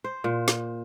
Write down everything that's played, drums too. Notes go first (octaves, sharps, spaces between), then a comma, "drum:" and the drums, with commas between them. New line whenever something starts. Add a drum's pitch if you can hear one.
C5
A#2
drum: snare